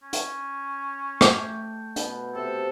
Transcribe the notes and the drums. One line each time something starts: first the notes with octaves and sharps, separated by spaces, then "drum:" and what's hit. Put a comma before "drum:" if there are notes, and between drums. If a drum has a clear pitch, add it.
C#4
drum: hi-hat
A3 G5, drum: rim click
B2, drum: hi-hat
C3 A4